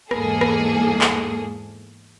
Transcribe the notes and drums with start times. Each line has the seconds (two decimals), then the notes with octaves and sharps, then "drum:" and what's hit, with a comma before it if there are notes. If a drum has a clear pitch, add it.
0.11 E2 G#2 A#3 G#4 A4, drum: rim click
0.41 drum: rim click
1.01 drum: clap